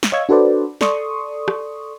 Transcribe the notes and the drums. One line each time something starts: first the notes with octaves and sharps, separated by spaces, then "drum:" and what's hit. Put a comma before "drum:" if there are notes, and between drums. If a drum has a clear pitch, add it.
drum: snare
C#5 D#5 F5 C#6 E6 G#6
D4 F#4 A4 B4 C5 D5
A4 D5 C6 C#6 D#6, drum: snare
drum: rim click